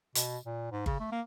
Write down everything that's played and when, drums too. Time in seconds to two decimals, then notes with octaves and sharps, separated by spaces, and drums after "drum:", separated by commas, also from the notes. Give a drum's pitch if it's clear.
0.15 B2, drum: hi-hat
0.46 A#2
0.72 G#2
0.86 C#3, drum: kick G1
1.00 A3
1.12 A#3